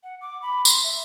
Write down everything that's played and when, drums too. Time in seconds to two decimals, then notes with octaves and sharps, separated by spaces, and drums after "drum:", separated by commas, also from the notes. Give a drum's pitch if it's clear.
0.03 F#5
0.21 D6
0.42 B5
0.65 C6, drum: tambourine
0.83 E5